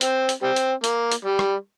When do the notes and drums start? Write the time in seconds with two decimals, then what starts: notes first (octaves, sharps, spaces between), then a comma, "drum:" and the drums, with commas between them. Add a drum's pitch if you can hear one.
0.01 C4, drum: hi-hat
0.29 drum: hi-hat
0.42 G3 C4
0.56 drum: hi-hat
0.84 A#3, drum: hi-hat
1.12 drum: hi-hat
1.25 G3
1.39 drum: rim click